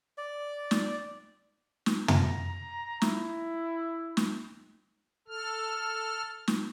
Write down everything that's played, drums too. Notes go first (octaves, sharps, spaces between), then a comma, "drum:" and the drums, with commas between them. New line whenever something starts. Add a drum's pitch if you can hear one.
D5
drum: snare
drum: snare
A#5, drum: tom
E4, drum: snare
drum: snare
A4 F6
drum: snare